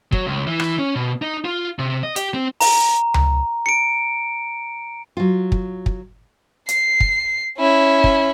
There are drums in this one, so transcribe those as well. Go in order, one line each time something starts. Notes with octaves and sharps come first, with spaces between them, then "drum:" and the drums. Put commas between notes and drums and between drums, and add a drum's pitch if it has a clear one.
F#3, drum: kick
C#2
E3
drum: rim click
C#4
B2
D#4
F4
C3
D#5
G4, drum: hi-hat
C4
A#5, drum: open hi-hat
drum: tom C#2
C#7 D7
F#3 F4
drum: kick
drum: kick
C7, drum: hi-hat
drum: kick
C#4 E4
drum: kick